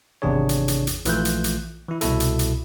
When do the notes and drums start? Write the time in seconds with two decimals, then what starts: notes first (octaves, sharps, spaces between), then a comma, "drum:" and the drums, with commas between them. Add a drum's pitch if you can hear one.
0.22 G#1 E2 C3 D4 G#4 C#5
0.49 drum: hi-hat
0.68 drum: hi-hat
0.87 drum: hi-hat
1.05 A#1 E3 A3 F4 F#6 G6, drum: hi-hat
1.25 drum: hi-hat
1.44 drum: hi-hat
1.89 E3 E4
2.01 C2 B2 E4 A4, drum: hi-hat
2.20 drum: hi-hat
2.39 drum: hi-hat